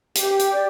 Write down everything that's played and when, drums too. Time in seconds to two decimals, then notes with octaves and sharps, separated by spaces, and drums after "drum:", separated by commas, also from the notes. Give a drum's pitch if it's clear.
0.15 G4, drum: hi-hat
0.39 drum: hi-hat
0.52 D5